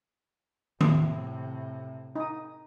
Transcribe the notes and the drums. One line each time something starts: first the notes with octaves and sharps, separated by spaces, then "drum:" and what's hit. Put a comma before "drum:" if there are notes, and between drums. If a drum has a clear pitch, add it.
A2 C3, drum: tom D#3
D#4 D#6